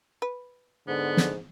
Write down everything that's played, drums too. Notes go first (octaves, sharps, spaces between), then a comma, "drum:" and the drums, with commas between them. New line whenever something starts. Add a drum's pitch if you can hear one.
B4
G#2 D3 B3
drum: snare